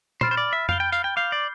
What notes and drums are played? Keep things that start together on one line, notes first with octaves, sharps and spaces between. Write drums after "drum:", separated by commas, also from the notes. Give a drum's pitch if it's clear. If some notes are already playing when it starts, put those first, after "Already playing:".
C5 B5 F6 A6 D7, drum: tom A#2
C5
D5
E5
F5 G6 D7 G7, drum: tom F2
G5
F5, drum: tambourine
G5
F5 D6 G6 C7 G7
D5